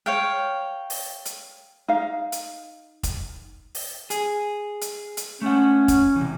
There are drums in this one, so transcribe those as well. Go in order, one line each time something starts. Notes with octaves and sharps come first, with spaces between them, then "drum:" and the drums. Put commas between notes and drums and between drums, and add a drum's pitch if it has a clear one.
C#5 F5 G5
drum: open hi-hat
drum: hi-hat
D#4 F5
drum: hi-hat
drum: kick, hi-hat
drum: open hi-hat
G#4, drum: hi-hat
drum: hi-hat
drum: hi-hat
A3 C#4 F#5
drum: kick, hi-hat
C3 E3